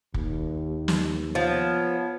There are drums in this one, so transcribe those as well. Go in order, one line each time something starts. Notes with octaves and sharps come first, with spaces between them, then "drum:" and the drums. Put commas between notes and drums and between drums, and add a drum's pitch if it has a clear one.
D#2, drum: kick
drum: snare
F3 B3 C#5